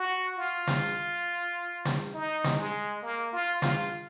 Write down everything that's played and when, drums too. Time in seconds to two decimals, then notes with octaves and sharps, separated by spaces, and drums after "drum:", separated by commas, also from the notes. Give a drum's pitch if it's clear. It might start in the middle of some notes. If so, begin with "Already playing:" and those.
Already playing: F#4
0.38 F4
0.67 drum: snare
1.85 drum: snare
2.14 D#4
2.44 drum: snare
2.59 G#3
3.03 A#3
3.33 F4
3.62 F4, drum: snare